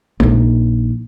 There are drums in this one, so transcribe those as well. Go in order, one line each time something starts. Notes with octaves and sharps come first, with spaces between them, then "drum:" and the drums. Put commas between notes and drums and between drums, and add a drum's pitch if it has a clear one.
A#1 D#4, drum: tom